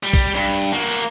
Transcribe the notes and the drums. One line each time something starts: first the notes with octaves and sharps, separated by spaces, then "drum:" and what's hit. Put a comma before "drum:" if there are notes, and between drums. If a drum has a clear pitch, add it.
G3
drum: kick A#1, tambourine
G2
A#3 F#4